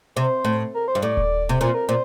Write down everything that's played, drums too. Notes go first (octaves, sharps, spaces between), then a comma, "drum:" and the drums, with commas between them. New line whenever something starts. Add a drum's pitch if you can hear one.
C3 C5
A2
A#4
C5
G2
A2 D5
drum: kick D#1
C3
A#2 C5
A#4
A#2 C5